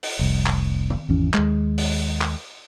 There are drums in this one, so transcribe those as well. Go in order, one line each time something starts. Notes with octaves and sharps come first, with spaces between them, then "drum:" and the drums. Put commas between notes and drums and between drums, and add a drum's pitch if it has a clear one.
drum: open hi-hat
F1 C2
drum: clap
drum: tom
G#1 E2 C#4
D#2 G#3, drum: clap
drum: open hi-hat
drum: clap